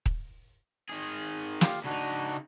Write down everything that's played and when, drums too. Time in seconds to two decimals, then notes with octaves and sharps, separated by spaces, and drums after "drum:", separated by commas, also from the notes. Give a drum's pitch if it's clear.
0.06 drum: kick D#1
0.90 D#3 G#4
1.61 F4 G4 F5, drum: snare
1.85 C#3 D4 D#4 F#4